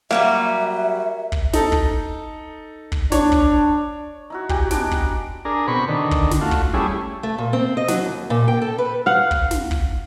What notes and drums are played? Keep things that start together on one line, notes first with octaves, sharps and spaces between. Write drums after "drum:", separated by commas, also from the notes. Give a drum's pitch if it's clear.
F#3 G3 A#3 F#4 E5
drum: kick
D#4 A4, drum: snare
drum: kick
drum: kick
D4 C#5, drum: snare
drum: kick
D#4 E4 F#4
F#4 G4 G5 G#5, drum: kick
B3 D4 D#4 D6, drum: snare
drum: kick
D4 G#4 A#4
B2 C4 B5 C#6
D3 D#3
drum: kick
drum: snare
A3 F4 F#4
drum: kick
G3 A3 C#4 E4 G#4
A3
A#2
C4
D#5
F#3, drum: snare
D#2
A#2
G5
A4
B4
F5 F#5
drum: kick
drum: snare
drum: kick